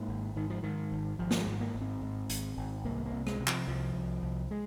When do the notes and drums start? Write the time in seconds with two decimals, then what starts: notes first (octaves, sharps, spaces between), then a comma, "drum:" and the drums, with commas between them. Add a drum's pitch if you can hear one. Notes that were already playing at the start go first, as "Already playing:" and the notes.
Already playing: G#2 A#3
0.08 G#1
0.36 G#2 D#3
0.50 F3
0.63 G#2 D#3
0.92 G#1
1.19 G#1 F3
1.31 drum: snare
1.40 G#3
1.47 G#2
1.61 A#3
1.75 G#1
1.81 C4
2.02 G#2
2.30 G#1, drum: hi-hat
2.58 G#1
2.85 C2 A#3
3.06 A#3
3.13 C3
3.27 G#3, drum: rim click
3.40 C3
3.47 F3, drum: clap
3.67 C2 F3
3.95 C2
4.23 C2
4.51 G#3